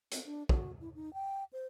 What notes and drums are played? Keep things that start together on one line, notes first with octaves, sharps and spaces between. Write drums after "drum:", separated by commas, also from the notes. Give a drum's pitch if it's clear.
C4, drum: hi-hat
D4
F#4, drum: kick
E4
D#4
G5
C5